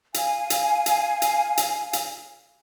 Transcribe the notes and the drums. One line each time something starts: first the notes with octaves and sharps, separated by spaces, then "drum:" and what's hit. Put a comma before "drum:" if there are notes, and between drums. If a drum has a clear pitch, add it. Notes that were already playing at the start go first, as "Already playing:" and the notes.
F5 G#5, drum: hi-hat
drum: hi-hat
drum: hi-hat
drum: hi-hat
drum: hi-hat
drum: hi-hat